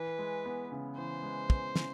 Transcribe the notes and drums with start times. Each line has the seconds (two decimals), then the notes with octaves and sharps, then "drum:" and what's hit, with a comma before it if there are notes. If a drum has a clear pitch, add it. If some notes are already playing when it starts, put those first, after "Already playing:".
Already playing: E3 B4
0.19 G#3
0.45 B3
0.72 C#3
0.97 E3 C5
1.23 G#3
1.50 B3, drum: kick
1.76 C#3, drum: snare